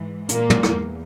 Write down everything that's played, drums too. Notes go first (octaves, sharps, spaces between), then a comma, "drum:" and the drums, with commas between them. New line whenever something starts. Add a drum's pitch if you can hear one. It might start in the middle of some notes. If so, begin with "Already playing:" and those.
Already playing: G#2 E3
A#2 A#3, drum: hi-hat
drum: tom
drum: rim click
E2